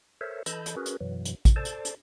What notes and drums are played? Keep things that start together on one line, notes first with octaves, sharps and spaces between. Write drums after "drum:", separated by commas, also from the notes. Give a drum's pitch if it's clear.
A4 A#4 C5 C#5 E5
E3 A4 D#5 A5 B5 G6, drum: hi-hat
drum: hi-hat
C#4 F#4 G#4 A#4 B4
drum: hi-hat
F#2 B2 E3 F#3
drum: hi-hat
drum: kick, hi-hat
A4 C5 D5 A5
drum: hi-hat
drum: hi-hat